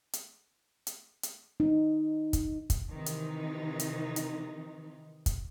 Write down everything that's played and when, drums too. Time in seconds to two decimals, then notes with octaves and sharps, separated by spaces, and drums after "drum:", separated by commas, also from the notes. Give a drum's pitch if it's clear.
0.13 drum: hi-hat
0.87 drum: hi-hat
1.23 drum: hi-hat
1.60 D#4
2.33 drum: kick, hi-hat
2.70 drum: kick, hi-hat
2.91 C3 D#3 E3 D#4
3.06 drum: hi-hat
3.80 drum: hi-hat
4.16 drum: hi-hat
5.26 drum: kick, hi-hat